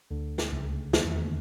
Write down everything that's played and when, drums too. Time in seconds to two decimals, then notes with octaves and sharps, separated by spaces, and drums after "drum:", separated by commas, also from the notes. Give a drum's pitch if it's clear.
0.10 D2 D3
0.38 drum: snare
0.52 C#2 C#3
0.93 D#2 D#3, drum: snare
1.04 E2 E3
1.14 D#2 D#3
1.25 D3